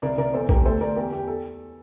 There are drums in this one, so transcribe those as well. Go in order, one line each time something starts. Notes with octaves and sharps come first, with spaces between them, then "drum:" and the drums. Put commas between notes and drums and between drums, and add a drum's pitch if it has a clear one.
C2 A#4 D5
C2 A#4 D5
E2 A4 C5
E2 G4 A#4, drum: kick
D2 A4 C5
D2 A#4 D5
E2 G4 A#4
E2 G4
A4